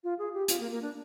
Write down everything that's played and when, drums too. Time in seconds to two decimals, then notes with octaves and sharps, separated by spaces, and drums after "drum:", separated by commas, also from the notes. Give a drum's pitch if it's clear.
0.04 F4
0.19 G#4
0.33 G4
0.48 F4, drum: hi-hat
0.60 A#3
0.71 A#3
0.82 D4